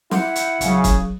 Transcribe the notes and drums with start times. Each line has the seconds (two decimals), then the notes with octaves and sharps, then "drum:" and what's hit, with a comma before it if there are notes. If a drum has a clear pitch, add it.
0.11 E4 F#5 C6 D6 G6, drum: snare
0.36 drum: hi-hat
0.61 A#1 C#3 F#3, drum: hi-hat
0.84 drum: kick, hi-hat